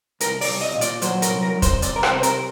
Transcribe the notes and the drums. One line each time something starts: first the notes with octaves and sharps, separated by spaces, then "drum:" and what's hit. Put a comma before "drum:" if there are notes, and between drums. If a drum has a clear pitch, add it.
C2 A#4, drum: hi-hat
D5, drum: open hi-hat
C2
D#5
A#2
D5, drum: hi-hat
F#3 C5, drum: hi-hat
A#4, drum: hi-hat
C2
A#4
C2
C5, drum: kick, hi-hat
C2 D5, drum: hi-hat
A#4
C5, drum: rim click
C3
C5
A#4, drum: hi-hat